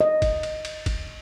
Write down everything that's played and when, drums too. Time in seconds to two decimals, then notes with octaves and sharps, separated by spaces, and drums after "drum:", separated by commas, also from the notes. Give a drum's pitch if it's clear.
0.01 D#5
0.22 drum: kick, cymbal
0.43 drum: cymbal
0.65 drum: cymbal
0.86 drum: kick, cymbal